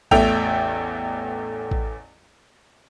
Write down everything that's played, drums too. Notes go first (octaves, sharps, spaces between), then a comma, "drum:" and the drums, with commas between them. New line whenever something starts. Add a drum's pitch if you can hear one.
A1 E2 A3 E5 G5 F7, drum: kick A1
drum: kick A1